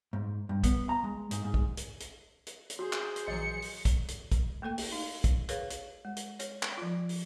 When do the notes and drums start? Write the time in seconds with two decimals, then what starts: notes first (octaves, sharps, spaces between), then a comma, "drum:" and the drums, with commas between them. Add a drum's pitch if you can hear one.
0.13 G#2
0.49 G2
0.64 B3, drum: kick, hi-hat
0.89 A#5
1.04 G#3
1.31 G#2, drum: hi-hat
1.44 G#2
1.54 drum: kick
1.77 drum: hi-hat
2.00 drum: hi-hat
2.47 drum: hi-hat
2.70 drum: hi-hat
2.79 F#4 G#4 C5
2.93 drum: clap
3.16 drum: hi-hat
3.28 A#1 E3 F#3 D#5 C#7
3.62 drum: open hi-hat
3.85 drum: kick, hi-hat
4.08 drum: hi-hat
4.32 drum: kick, hi-hat
4.62 A3 A#3 A4 G5
4.78 drum: open hi-hat
4.92 D#4 F5
5.24 drum: kick, hi-hat
5.49 G#4 A#4 B4 C#5 F5, drum: hi-hat
5.70 drum: hi-hat
6.05 G#3
6.16 drum: hi-hat
6.39 C#5, drum: hi-hat
6.63 drum: clap
6.78 F3 F4
7.09 drum: open hi-hat